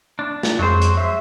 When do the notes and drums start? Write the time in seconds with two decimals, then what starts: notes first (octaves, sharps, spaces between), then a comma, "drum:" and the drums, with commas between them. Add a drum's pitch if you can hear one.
0.19 D4
0.43 drum: snare
0.59 F2 F#3 G#3 G#4 C5
0.82 drum: hi-hat
0.98 E5